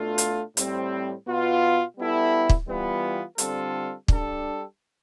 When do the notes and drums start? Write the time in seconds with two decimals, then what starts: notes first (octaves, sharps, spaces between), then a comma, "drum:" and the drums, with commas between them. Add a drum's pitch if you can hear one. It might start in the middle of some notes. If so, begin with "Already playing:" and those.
Already playing: B2 A3 D4 F4 A4
0.18 drum: hi-hat
0.57 A2 G3 C4, drum: hi-hat
1.27 B2 B3 F4
1.98 G3 B3 E4 A4
2.50 drum: kick
2.67 E3 G3 B3 F4
3.38 D3 G3 C4 F4 A4, drum: hi-hat
4.08 G3 D4 A4, drum: kick